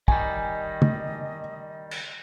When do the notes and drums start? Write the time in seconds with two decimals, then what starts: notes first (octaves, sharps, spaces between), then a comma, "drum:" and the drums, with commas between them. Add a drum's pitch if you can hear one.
0.08 D#3 G3 D#5 G#5, drum: kick
0.82 drum: tom
1.91 drum: cymbal